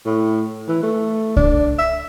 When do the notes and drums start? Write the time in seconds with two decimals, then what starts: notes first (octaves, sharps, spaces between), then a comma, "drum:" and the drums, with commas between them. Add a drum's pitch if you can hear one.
0.05 A2
0.68 E3
0.83 A3
1.36 D4, drum: kick C2
1.78 E5